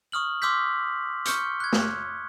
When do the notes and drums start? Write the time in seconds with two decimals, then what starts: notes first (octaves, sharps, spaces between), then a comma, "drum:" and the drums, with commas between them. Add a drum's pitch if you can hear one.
0.12 C#6 D#6 F6 F#7
0.42 C6 D6 E6 F6 G6 B6
1.25 C#6 F6 G6 C#7 G7, drum: hi-hat
1.60 F#6 G#6
1.73 drum: snare